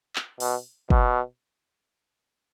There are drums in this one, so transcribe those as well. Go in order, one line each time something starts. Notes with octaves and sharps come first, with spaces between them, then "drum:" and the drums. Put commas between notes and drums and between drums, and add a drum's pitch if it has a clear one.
drum: clap
B2, drum: open hi-hat
B2, drum: kick